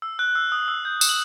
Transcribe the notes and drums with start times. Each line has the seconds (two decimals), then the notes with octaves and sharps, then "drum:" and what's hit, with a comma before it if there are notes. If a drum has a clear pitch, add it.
0.02 E6
0.19 F#6
0.35 E6
0.52 D#6
0.68 E6
0.85 G6
1.01 E7, drum: tambourine
1.09 F#7